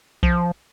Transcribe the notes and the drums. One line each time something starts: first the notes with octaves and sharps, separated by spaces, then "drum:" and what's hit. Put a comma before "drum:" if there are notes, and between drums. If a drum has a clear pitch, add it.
F3, drum: kick B1